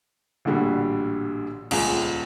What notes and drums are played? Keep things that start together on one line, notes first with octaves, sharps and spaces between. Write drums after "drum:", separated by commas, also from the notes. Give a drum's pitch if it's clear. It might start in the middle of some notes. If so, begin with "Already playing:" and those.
A1 A#2 D3 G3 F#4
D#1 C#2 G#3 G#5, drum: cymbal